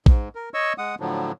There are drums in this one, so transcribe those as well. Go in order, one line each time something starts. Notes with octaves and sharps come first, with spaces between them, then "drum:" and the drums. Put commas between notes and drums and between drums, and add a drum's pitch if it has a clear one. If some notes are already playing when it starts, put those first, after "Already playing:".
G#2, drum: kick A#1
A#4
C#5 D#5 C#6 E6
G#3 F#5 D#6
A2 D3 F3 F#3